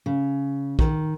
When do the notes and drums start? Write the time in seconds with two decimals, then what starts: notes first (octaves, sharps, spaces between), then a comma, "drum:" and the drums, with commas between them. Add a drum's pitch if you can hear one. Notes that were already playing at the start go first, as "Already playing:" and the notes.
0.06 C#3
0.79 D#3, drum: kick